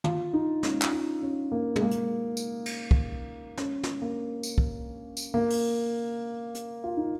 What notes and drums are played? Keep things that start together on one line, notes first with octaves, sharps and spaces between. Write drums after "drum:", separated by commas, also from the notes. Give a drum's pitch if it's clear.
F4, drum: tom
D#4
C#4, drum: snare
F4, drum: clap
D#4
C#4
A#3
G#3, drum: tom
A#3
drum: hi-hat
drum: tambourine
drum: cymbal
drum: kick
C#4, drum: snare
drum: snare
A#3
drum: tambourine
drum: kick
drum: tambourine
A#3
drum: open hi-hat
drum: hi-hat
F4
D#4